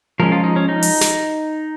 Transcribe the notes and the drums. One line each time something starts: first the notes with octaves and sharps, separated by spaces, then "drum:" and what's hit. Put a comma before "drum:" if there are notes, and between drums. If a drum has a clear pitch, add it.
F3 G#3 C#4 A#4
F4
D#4
C#4
D#4
drum: open hi-hat
drum: snare